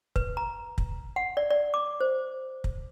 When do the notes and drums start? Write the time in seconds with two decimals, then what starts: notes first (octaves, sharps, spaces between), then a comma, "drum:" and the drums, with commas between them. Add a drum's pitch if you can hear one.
0.16 B4, drum: kick
0.37 A#5
0.78 drum: kick
1.16 F#5
1.37 D5
1.50 D5
1.74 D6
2.01 C5
2.64 drum: kick